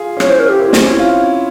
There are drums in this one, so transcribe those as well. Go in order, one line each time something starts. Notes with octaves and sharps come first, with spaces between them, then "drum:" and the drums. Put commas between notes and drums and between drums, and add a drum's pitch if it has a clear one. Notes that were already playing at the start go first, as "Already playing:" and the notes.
Already playing: F4 G#4
C#4
E4 C#5, drum: rim click
C5
A#4
G4
E4
C4
C#4, drum: snare
E4
F4